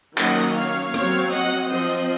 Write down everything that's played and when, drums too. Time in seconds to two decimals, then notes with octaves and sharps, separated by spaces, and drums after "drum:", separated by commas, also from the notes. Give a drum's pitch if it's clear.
0.18 D#3 F#3 A#3 C#4 D#5 F#5, drum: clap
0.56 C#5 F5
0.94 F#3 C4 C#5 F5, drum: rim click
1.32 D#5 F#5, drum: hi-hat
1.70 F3 C4 C5 D#5